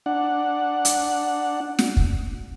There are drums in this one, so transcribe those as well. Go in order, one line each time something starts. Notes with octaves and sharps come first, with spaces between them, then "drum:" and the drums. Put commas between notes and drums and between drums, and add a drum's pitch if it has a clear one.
D4 F#5
drum: hi-hat
drum: snare
drum: kick